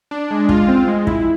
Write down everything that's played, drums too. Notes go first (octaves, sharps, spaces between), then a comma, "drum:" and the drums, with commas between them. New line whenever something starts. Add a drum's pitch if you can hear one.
D4
G#3
F4, drum: kick
C4
G#3
E4, drum: kick